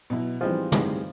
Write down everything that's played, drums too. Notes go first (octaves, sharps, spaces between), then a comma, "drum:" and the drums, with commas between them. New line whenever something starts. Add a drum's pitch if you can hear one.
B2 F#3 B3 E4
E3 F3 G3 C4 D#4 G#4
E3 G3 C4 D#4 G#4, drum: tom